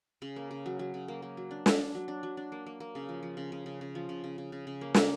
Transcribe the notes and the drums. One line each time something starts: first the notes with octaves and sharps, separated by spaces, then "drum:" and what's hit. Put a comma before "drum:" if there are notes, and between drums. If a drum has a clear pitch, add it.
C#3
A#3
C#3
F#3
F#3
C#3
A#3
A#3
F#3
D4
D4, drum: snare
D4
F#3
D4
F#3
D4
A#3
A#3
A#3
C#3
F3
F3
C#3
C#3
C#3
C#3
F3
C#3
C#3
C#3
C#3
C#3
A#3
A#3, drum: snare